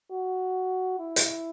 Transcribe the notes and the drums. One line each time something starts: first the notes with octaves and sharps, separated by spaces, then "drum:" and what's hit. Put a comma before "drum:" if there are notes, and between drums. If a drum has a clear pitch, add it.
F#4
E4
drum: hi-hat